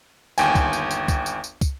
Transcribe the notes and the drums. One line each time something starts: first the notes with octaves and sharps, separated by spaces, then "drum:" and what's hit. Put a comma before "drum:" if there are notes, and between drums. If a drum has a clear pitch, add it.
G1 D#2 G5 G#5, drum: tambourine
drum: kick, tambourine
drum: tambourine
drum: tambourine
drum: kick, tambourine
drum: tambourine
drum: tambourine
drum: kick, tambourine